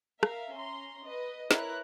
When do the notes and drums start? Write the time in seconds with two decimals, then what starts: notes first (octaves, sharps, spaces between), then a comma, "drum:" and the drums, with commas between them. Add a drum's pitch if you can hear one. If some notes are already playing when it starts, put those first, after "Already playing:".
0.23 A#4 E5 F5 A#5, drum: rim click
0.54 C#4 A#5 C6
1.07 B4 D#5
1.51 E4 A#4 B4 C#5 A#5 F#6, drum: snare